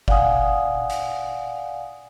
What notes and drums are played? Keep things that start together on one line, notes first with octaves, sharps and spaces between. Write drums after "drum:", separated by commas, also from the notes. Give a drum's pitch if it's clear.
D5 F5 F#5 G#5 D#6, drum: kick F#1
drum: hi-hat